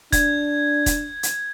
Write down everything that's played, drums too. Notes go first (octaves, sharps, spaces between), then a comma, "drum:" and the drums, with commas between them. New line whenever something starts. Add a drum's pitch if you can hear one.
D4 G#6, drum: kick E1, hi-hat
drum: kick E1, hi-hat
drum: hi-hat